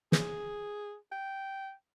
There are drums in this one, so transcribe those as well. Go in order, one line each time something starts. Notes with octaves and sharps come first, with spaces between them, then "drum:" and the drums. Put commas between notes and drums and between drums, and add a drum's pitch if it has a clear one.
G#4, drum: snare
G5